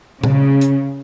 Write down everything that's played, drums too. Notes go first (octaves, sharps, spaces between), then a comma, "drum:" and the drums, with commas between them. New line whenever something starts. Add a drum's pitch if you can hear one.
C#3, drum: tom A#2
drum: hi-hat